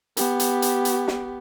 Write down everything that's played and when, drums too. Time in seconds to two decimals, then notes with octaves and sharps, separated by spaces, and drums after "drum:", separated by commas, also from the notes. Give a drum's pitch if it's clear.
0.17 B3 G4, drum: hi-hat
0.40 drum: hi-hat
0.62 drum: hi-hat
0.85 drum: hi-hat
1.08 drum: snare